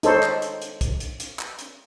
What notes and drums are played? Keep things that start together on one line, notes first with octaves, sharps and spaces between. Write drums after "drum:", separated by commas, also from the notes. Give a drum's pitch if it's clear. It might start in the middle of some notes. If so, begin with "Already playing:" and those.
D#4 A4 C5 C#5, drum: hi-hat
drum: clap
drum: hi-hat
drum: hi-hat
drum: kick, hi-hat
drum: hi-hat
drum: hi-hat
drum: clap
drum: hi-hat